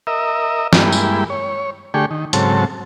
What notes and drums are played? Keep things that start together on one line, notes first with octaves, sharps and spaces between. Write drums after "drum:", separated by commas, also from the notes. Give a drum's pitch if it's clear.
A#4 D#5 E5
G2 G#3 A#3 E4 G5 B5, drum: snare
drum: tambourine
C#5
D3 A3 G4 G#4 G5 C#6
D#3
G#2 C#3 F#3 C4 A4 A5, drum: hi-hat